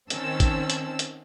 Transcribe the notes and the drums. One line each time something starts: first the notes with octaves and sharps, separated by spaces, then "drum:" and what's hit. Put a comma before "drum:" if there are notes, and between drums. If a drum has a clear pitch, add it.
D#3 C4 C#4 A5 E6, drum: hi-hat
drum: kick, hi-hat
drum: hi-hat
drum: hi-hat